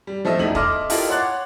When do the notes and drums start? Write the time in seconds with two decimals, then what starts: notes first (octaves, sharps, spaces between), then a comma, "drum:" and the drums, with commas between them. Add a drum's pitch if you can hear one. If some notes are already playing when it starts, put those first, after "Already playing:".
0.07 G3
0.25 F3 A3 A4 D#5 E5
0.39 E1 D#4 E4 F#7
0.55 A4 D#5 E5 C6 D6 F6, drum: kick
0.90 E4 F4 G4 A4 A#4 D#5, drum: open hi-hat
1.10 C#5 F#5 C6 D6 F#6 A6